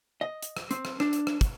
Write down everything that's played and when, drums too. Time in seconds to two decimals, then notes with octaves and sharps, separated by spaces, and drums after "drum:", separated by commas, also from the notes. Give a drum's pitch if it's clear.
0.21 D#5
0.42 drum: hi-hat
0.57 drum: rim click
0.71 C4, drum: hi-hat
0.85 drum: rim click
1.00 D4, drum: rim click
1.13 drum: hi-hat
1.27 drum: rim click
1.41 drum: kick, hi-hat